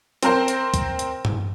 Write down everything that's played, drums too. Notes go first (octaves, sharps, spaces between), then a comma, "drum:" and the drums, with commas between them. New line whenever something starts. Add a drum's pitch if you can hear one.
C4 A#4 C5, drum: hi-hat
drum: hi-hat
drum: kick, hi-hat
drum: hi-hat
drum: tom G2